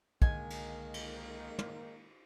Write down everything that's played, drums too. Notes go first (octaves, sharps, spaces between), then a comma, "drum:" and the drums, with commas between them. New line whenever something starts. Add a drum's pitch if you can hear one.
C2 D3 D#3 G#3 A#3 D#5 G#5, drum: kick
drum: cymbal
drum: cymbal
drum: tom